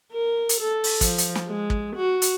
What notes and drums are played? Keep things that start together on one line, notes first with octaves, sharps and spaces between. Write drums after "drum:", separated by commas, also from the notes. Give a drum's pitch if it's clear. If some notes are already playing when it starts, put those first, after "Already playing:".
A#4
drum: hi-hat
A4
drum: open hi-hat
F3, drum: kick, hi-hat
drum: hi-hat
drum: snare
G#3
drum: kick
F#4
drum: hi-hat